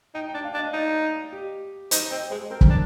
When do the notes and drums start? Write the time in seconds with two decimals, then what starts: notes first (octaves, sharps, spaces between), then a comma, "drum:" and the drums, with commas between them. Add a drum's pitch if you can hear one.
0.14 D#4 G5
0.29 G5
0.34 D4
0.45 F5
0.54 D4
0.59 D#5
0.73 D#4 D5
1.33 G4
1.91 D#4 C5, drum: hi-hat
2.10 C4 D#5
2.31 G#3 C5
2.50 C4 A#4
2.61 drum: kick
2.70 D4